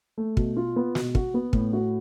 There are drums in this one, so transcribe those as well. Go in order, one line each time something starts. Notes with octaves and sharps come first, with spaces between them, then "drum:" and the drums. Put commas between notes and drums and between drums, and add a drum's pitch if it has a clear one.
A3
B2, drum: kick
F4
B3
B2, drum: snare
F#4, drum: kick
B3
A2, drum: kick
F#4